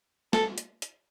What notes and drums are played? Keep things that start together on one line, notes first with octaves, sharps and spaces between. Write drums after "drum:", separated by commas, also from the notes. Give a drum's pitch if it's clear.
A4, drum: snare
drum: hi-hat
drum: hi-hat